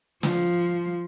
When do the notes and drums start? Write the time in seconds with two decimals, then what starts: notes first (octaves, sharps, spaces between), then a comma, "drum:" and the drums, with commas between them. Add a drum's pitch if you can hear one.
0.23 F3, drum: snare